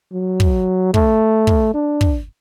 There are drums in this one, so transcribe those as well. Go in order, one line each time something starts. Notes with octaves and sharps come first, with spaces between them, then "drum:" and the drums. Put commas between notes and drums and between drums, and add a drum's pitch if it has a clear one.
F#3
drum: kick
A3, drum: kick
drum: kick
D4
drum: kick